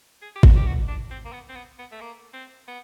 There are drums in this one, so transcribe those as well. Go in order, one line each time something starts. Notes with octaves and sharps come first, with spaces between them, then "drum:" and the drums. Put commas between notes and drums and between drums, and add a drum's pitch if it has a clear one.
G#4
G4
F#4, drum: kick G#1
G4
F#4
D4
C4
A#3
B3
C4
B3
B3
A3
A#3
C4
B3